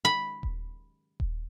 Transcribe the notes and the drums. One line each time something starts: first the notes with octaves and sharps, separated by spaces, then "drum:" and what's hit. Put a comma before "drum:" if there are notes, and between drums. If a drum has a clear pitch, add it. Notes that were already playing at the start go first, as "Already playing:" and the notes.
B5
drum: kick D#1
drum: kick D#1